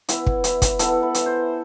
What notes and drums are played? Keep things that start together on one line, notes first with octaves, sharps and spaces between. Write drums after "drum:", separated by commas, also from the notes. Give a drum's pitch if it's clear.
E3 B3 E4, drum: hi-hat
drum: kick
E4, drum: hi-hat
drum: kick, hi-hat
E3 B3 A4, drum: hi-hat
B4
drum: hi-hat
C5